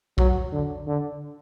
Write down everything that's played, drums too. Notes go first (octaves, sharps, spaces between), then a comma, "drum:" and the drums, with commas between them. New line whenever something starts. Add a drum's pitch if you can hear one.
F#3, drum: kick
D3
D3